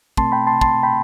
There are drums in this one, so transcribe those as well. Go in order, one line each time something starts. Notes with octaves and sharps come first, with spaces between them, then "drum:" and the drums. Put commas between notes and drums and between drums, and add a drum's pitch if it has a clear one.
B2 A3 C4 A5 C6, drum: kick
G5 B5
A5 C6
A5 C6, drum: kick
G5 B5